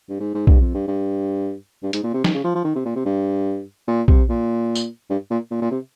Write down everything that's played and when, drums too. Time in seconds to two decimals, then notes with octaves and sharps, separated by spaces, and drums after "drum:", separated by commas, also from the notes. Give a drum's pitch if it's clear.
0.09 G2
0.20 G#2
0.34 G#2
0.47 G2, drum: kick
0.61 F2
0.74 G2
0.87 G2
1.83 G2
1.93 G#2, drum: hi-hat
2.03 A#2
2.14 C3
2.24 D#3, drum: snare
2.34 C#3
2.44 F3
2.55 F3
2.64 D#3
2.75 C3
2.85 A#2
2.96 C3
3.05 G2
3.88 A#2
4.08 C3, drum: kick
4.29 A#2
4.75 drum: tambourine
5.10 G2
5.30 A#2
5.51 A#2
5.61 A#2
5.71 C3